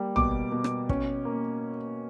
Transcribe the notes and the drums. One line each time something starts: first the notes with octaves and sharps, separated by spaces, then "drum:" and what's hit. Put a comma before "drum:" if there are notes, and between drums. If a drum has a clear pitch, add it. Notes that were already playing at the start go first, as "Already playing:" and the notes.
Already playing: G3 A#3
B2 D6, drum: tom A1
B2
drum: rim click
C#4, drum: kick
A#3